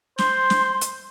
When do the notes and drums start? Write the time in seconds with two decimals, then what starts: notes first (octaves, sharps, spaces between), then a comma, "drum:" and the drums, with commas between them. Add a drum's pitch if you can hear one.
0.18 C5 C6, drum: snare
0.50 drum: snare
0.81 drum: hi-hat